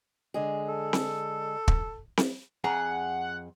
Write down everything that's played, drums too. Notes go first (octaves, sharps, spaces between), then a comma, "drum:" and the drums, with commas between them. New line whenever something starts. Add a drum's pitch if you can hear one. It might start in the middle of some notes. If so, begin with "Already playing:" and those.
D3 G#3 G#4
A4
drum: snare C4
drum: kick
drum: snare C4
F2 G#4 F#5 A#5